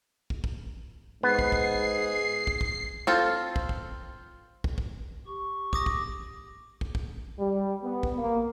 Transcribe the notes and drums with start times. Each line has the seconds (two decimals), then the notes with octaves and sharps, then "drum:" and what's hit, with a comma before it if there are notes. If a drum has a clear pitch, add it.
0.30 drum: kick
0.44 drum: kick
1.23 G#2 B3 G#4 C7
1.39 drum: kick
1.52 drum: kick
2.47 drum: kick
2.61 drum: kick
3.07 C4 F4 A4
3.56 drum: kick
3.69 drum: kick
4.64 drum: kick
4.78 drum: kick
5.27 G4 C#6
5.73 D6 D#6 A#6, drum: kick
5.86 drum: kick
6.81 drum: kick
6.95 drum: kick
7.39 G3
7.82 B3
8.03 drum: kick
8.17 A#3